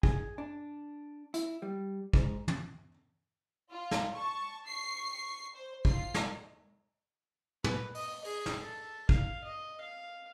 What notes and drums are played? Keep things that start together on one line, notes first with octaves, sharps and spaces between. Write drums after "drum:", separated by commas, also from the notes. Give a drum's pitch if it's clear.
G#4, drum: kick
D4
E4, drum: hi-hat
G3
G#2, drum: kick
drum: tom
F4
drum: snare
A5 C#6
C#6 C7
C5
F4 C7, drum: kick
drum: snare
B4, drum: tom
D#5, drum: open hi-hat
G#4, drum: open hi-hat
drum: snare
A4
F5, drum: kick
D#5
F5